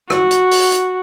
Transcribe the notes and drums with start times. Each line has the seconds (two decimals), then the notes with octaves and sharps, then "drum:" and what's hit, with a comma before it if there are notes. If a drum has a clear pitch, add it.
0.10 F#4, drum: rim click
0.31 drum: hi-hat
0.51 drum: open hi-hat
0.72 drum: hi-hat